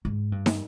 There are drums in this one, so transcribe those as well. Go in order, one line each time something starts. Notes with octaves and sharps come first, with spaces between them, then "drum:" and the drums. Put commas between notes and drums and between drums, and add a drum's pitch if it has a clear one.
G#2
G2
drum: snare